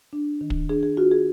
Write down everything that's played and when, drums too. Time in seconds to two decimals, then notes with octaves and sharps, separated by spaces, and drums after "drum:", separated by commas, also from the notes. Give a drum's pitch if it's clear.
0.13 D4
0.41 D#3
0.50 drum: kick
0.69 D4 G#4
0.83 G#4
0.97 F4 F#4
1.12 G#4